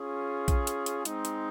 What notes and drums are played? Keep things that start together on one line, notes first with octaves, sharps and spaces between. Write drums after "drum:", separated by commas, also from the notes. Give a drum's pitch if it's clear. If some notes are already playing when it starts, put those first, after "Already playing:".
Already playing: C#4 F4 G#4
drum: kick A#1, hi-hat
drum: hi-hat
drum: hi-hat
G#3 C4 D#4, drum: hi-hat
drum: hi-hat